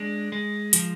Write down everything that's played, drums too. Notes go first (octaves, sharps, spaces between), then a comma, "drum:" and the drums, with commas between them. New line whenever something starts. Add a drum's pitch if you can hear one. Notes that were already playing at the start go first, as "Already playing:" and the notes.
Already playing: G#3 D4
G#3
F3, drum: hi-hat